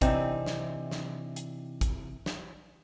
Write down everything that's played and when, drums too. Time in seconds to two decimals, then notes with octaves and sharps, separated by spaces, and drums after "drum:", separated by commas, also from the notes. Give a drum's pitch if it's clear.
0.02 C3 E3 C4 D4 D#4, drum: kick, hi-hat
0.46 drum: snare
0.91 drum: snare
1.36 drum: hi-hat
1.81 drum: kick, hi-hat
2.26 drum: snare